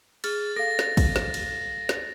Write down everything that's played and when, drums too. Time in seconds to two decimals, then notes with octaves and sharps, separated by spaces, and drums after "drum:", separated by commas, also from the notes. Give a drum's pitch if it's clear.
0.24 G#4 F6 A6, drum: cymbal
0.56 A4 F5 A#6
0.79 drum: snare
0.97 drum: kick, cymbal
1.16 drum: snare
1.34 drum: cymbal
1.89 drum: snare